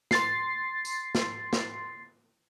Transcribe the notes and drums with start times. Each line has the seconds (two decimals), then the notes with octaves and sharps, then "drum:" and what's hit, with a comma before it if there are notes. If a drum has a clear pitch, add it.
0.11 C6 A6 C7, drum: snare
0.85 drum: tambourine
1.15 drum: snare
1.53 drum: snare